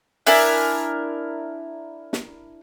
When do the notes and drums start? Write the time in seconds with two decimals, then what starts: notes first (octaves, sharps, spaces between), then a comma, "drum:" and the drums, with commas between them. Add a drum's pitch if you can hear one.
0.27 D4 E4 A#4 G#5, drum: open hi-hat
2.13 drum: snare